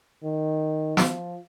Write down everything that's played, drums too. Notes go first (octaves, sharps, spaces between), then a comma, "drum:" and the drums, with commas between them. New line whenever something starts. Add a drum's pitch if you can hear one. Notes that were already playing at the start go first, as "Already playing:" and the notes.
D#3
F3, drum: snare